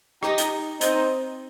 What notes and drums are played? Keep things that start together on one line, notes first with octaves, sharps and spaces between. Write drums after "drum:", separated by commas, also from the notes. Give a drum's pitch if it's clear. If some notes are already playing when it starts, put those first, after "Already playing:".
D#4 G4, drum: rim click
drum: hi-hat
C4 D#4, drum: hi-hat